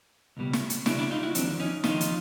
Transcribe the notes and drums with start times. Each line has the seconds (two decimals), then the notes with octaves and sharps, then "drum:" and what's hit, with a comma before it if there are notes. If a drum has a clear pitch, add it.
0.37 C#2 B2 G3
0.53 drum: snare
0.70 drum: hi-hat
0.86 C#2 B2 G3 D4 E4, drum: snare
0.99 D4 E4
1.11 D#4 F4
1.23 E4 F#4
1.35 D#2 D3 F3 C4 D4, drum: hi-hat
1.60 C#4 D#4
1.84 D#2 D3 F3 D#4 F4, drum: snare
2.01 drum: hi-hat